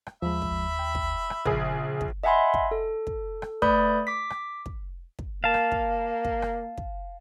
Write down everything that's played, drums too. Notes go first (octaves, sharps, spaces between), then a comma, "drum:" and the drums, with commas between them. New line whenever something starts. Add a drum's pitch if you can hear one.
drum: rim click
D#2 F3 G#3 E5 B5
drum: kick
G5
drum: kick
drum: rim click
A#1 A#2 C#3 G#4, drum: kick
drum: kick
D#5 E5 F#5 G#5 B5 C6
drum: kick
A4
drum: kick
drum: rim click
A3 B4 D5 B5 D#6 G6, drum: kick
D6 B6
drum: rim click
drum: kick
drum: kick
A#3 F5 A5
drum: rim click
drum: kick
drum: kick
drum: rim click
drum: kick